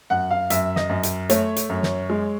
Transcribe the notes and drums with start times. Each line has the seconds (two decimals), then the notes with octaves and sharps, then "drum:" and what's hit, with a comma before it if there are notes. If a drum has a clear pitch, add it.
0.10 F#2 F#5
0.31 F5
0.50 F#2 E5, drum: hi-hat
0.76 D#5, drum: snare
0.89 F#2
1.03 drum: hi-hat
1.30 A3 C#5, drum: hi-hat
1.56 drum: hi-hat
1.70 F#2
1.83 drum: snare
2.10 G#3